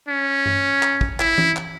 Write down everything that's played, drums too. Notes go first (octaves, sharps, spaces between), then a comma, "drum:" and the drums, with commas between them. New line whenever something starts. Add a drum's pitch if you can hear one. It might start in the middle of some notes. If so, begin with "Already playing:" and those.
C#4
drum: tom G2
drum: clap
drum: kick
E4, drum: clap
drum: tom E3
drum: clap